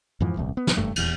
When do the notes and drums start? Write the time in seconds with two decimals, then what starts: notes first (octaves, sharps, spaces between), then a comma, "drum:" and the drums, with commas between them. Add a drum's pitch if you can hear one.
0.20 F2 G#2 E3 F3
0.37 D#1 C2
0.57 B3
0.67 drum: snare
0.77 F#1 G2 A3
0.96 D#1 E2, drum: cymbal